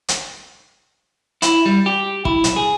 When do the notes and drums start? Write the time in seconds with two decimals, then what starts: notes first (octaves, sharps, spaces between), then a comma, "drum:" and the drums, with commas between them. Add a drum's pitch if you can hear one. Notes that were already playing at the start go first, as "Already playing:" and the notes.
0.09 drum: hi-hat
1.42 E4, drum: hi-hat
1.66 G3
1.86 G4
2.25 E4, drum: kick
2.44 B1, drum: hi-hat
2.56 G#4